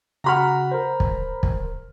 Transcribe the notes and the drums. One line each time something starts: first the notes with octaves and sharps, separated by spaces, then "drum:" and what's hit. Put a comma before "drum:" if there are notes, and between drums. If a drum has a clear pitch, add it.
C#3 F#4 F#5 A#5 B5 F6
A#4 C5
drum: kick
drum: kick